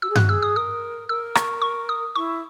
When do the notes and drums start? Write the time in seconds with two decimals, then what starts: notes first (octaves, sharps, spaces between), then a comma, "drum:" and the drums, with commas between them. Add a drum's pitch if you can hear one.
0.02 F#4 E6
0.10 G#4
0.15 F#4 F#6, drum: tom G2
0.29 G#4 E6
0.42 D#6
0.56 A#4 D#6
1.08 A#4 E6
1.35 C#6, drum: rim click
1.62 C#6
1.89 D#6
2.15 E4 C#6